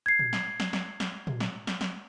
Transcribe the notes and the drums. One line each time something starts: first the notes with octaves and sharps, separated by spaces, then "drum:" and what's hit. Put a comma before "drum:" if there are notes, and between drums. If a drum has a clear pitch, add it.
G#6 C7
drum: tom
drum: snare
drum: snare
drum: snare
drum: snare
drum: tom
drum: snare
drum: snare
drum: snare